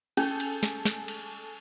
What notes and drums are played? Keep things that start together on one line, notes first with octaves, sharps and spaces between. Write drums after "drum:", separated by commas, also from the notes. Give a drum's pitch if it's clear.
C#4 G#4 A4 G6, drum: cymbal
drum: cymbal
drum: snare
drum: snare
drum: cymbal